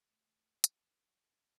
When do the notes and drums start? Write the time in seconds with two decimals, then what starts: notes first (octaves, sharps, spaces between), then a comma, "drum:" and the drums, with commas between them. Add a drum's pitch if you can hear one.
0.08 A3
0.64 drum: hi-hat